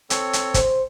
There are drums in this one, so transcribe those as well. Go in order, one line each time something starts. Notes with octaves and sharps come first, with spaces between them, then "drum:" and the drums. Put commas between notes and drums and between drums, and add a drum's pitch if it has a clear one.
C4 A4 C#5, drum: hi-hat
drum: hi-hat
C5, drum: kick, hi-hat